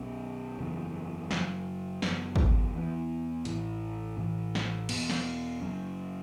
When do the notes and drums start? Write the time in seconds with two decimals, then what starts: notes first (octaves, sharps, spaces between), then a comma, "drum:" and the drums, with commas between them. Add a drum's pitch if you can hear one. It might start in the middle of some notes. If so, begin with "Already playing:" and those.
Already playing: B1 B2 C#4
0.59 F#1 E2 C#3
1.31 F#1 F#2 F#3, drum: snare
2.02 F#1 F#2 F#3 B3, drum: snare
2.36 drum: kick
2.74 E2 E3 B3
3.45 A1 A2 E3, drum: hi-hat
4.17 A1 A2 E3
4.55 drum: snare
4.89 E2 B2 B3, drum: cymbal
5.10 drum: snare
5.61 F#1 F#2 F#3 C#4